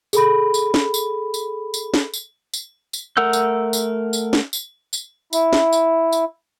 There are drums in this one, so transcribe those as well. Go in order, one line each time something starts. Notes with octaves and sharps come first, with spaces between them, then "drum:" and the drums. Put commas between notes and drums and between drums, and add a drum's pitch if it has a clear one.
G#4 A4 B5, drum: tambourine
drum: tambourine
drum: snare
drum: tambourine
drum: tambourine
drum: tambourine
drum: snare
drum: tambourine
drum: tambourine
drum: tambourine
A3 A#4 F#5 E6 G6
drum: tambourine
drum: tambourine
drum: tambourine
drum: snare
drum: tambourine
drum: tambourine
E4, drum: tambourine
drum: snare
drum: tambourine
drum: tambourine